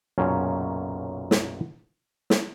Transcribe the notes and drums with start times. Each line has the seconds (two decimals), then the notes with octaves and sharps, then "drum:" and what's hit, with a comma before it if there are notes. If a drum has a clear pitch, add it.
0.18 B1 F#2 A#2 C#3 C#4
1.31 drum: snare
2.30 drum: snare